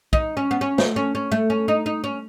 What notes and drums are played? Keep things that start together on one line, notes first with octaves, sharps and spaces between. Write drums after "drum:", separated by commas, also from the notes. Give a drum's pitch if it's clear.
D#4, drum: kick
C#4
B3
C#4
A3, drum: snare
C#4
C#4
A3
C#4
D#4
D#4
C#4